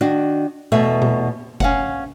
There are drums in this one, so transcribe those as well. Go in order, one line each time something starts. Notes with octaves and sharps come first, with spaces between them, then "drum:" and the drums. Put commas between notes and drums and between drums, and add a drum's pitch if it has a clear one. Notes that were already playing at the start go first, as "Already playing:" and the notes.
D#3 D4 F#4
E2 B2 A3 E5
drum: tom A#2
C#4 F5 F#5, drum: kick F1